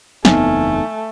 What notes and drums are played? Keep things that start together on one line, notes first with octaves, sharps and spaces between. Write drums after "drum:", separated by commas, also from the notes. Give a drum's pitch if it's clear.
F#1 E2 A3 B3 C4 D#4 G#5 F6, drum: snare